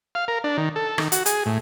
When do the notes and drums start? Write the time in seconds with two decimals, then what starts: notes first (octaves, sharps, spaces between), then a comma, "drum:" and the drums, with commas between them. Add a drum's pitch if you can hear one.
0.15 F5
0.28 A#4
0.44 D4
0.57 D#3
0.76 A4
0.98 D#3, drum: rim click
1.12 F#4, drum: hi-hat
1.26 G#4, drum: hi-hat
1.46 A2